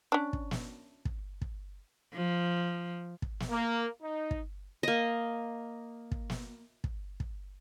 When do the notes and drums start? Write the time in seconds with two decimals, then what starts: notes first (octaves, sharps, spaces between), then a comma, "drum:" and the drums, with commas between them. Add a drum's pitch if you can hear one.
0.12 C#4 D4
0.33 drum: kick
0.51 drum: snare
1.05 drum: kick
1.42 drum: kick
2.14 F3
3.22 drum: kick
3.40 drum: snare
3.50 A#3
4.02 D#4
4.31 drum: kick
4.83 A#3 D#5
6.11 drum: kick
6.30 drum: snare
6.84 drum: kick
7.20 drum: kick